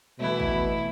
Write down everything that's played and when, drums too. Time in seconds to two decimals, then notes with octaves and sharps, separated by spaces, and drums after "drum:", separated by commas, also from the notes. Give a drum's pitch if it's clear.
0.20 B2 E3 A3 E4
0.40 drum: kick G#1